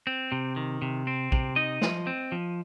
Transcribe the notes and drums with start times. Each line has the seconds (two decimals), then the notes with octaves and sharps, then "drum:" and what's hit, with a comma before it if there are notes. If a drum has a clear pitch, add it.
0.07 C4
0.32 C3
0.56 D#3
0.82 C3
1.07 C4
1.32 C3, drum: kick
1.56 D#4 D#5
1.82 F3, drum: snare
2.07 C4
2.32 F3